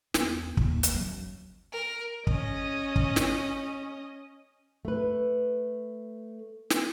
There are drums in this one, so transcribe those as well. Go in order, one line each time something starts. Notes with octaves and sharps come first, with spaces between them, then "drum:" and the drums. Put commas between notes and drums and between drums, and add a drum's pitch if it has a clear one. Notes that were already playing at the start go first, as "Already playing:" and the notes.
E2, drum: snare
D#2 A3, drum: kick
drum: hi-hat
F#2 F#3
A#4
C#4 D#5, drum: kick
drum: kick
drum: snare
A3 B4
drum: snare